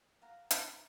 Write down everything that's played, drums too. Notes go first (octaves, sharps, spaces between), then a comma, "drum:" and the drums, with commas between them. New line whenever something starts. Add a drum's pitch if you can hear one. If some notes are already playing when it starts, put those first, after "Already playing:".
F5 F#5 A#5
E4, drum: hi-hat
D#4